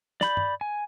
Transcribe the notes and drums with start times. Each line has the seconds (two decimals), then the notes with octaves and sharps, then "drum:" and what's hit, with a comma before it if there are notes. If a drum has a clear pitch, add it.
0.21 D5 B5 G6, drum: snare
0.37 drum: tom
0.61 G#5